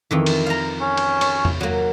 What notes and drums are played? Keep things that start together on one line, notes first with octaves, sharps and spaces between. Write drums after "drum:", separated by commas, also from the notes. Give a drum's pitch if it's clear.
F2 D#3 E3
drum: cymbal
F5 A#5
C#4
drum: cymbal
C#5, drum: cymbal
drum: tom
F#3 A#3